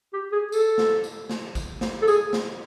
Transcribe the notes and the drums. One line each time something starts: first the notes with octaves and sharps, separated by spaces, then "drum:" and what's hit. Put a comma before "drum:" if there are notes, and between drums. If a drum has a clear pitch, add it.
G4
G#4
A4, drum: tambourine
drum: snare
drum: tambourine
drum: snare
drum: kick A1, tambourine
drum: snare
A4
G#4, drum: tambourine
drum: snare